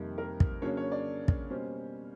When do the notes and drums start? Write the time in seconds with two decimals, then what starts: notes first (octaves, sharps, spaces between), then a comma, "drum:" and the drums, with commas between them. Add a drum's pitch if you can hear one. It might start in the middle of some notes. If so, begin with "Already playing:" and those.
Already playing: F2 C3 D#3 G3 A#3
0.18 A#4
0.40 drum: kick
0.62 C#3 F#3 A#3 D4 C#5
0.77 C#5
0.92 D5
1.28 drum: kick
1.50 B2 G3 A#3 C#4 C5